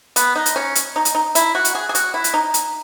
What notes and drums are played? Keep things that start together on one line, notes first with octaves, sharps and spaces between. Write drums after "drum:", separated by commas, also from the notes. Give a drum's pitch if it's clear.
B3, drum: hi-hat
D#4
drum: hi-hat
C#4
drum: hi-hat
D#4
drum: hi-hat
D#4
E4, drum: hi-hat
F#4
drum: hi-hat
G#4
G#4
F#4, drum: hi-hat
E4
drum: hi-hat
D#4
drum: hi-hat